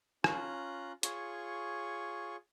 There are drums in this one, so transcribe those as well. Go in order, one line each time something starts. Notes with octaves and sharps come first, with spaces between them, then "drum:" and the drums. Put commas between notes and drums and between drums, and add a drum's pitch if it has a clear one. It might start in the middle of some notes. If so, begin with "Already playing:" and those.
C#4 F4 A#5 F#6, drum: rim click
F4 G#4 C#5 C#6, drum: hi-hat